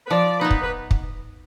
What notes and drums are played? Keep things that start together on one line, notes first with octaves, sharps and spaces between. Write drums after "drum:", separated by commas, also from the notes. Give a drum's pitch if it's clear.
B4
F3 D5
B3 D#4 B4
drum: kick
B4
drum: kick